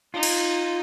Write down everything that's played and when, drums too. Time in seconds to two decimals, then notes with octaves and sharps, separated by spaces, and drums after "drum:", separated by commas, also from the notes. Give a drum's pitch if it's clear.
0.14 D#4 F4
0.23 drum: cymbal